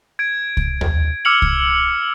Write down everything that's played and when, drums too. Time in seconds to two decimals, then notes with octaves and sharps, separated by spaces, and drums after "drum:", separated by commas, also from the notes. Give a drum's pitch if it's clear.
0.19 G#6 D7
0.57 drum: kick C2
0.81 drum: tom D#2
1.25 D6 E6 F6 C#7 F7 F#7
1.42 drum: kick C2